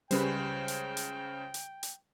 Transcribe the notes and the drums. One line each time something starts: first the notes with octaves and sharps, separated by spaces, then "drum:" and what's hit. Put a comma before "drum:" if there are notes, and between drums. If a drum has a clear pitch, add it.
C#2 C#3 G3 C#4 B4 C5 G5, drum: hi-hat
drum: hi-hat
drum: hi-hat
drum: hi-hat
drum: hi-hat